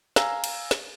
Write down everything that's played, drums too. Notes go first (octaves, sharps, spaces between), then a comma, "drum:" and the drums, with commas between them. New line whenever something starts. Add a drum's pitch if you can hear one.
F5 G#5 A#5 E6, drum: snare
drum: cymbal
drum: snare